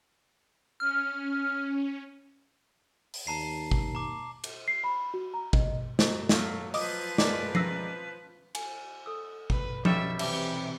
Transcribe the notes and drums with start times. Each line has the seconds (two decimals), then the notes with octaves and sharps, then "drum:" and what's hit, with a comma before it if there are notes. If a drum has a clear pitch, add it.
0.80 C#4 F6
3.14 drum: open hi-hat
3.27 D#2 A5 A#5 C7
3.71 drum: kick
3.95 A#5 D6
4.44 drum: cymbal
4.68 C7
4.84 B5
5.14 F#4
5.34 A#5
5.53 D#5, drum: kick
5.99 F#3 C5 D#5, drum: snare
6.29 F#3 A3 F4, drum: snare
6.74 F3 B4 D#5 D6 D#6, drum: open hi-hat
7.18 G#3 A#4 D5 D6, drum: snare
7.55 E6 A#6 C7, drum: tom F3
8.55 G#5, drum: cymbal
9.06 A4 E6
9.50 B4, drum: kick
9.85 B1 G3 G4 A4 E5 G5, drum: tom F3
10.19 C3 E3 G4 E5 G5 A5, drum: cymbal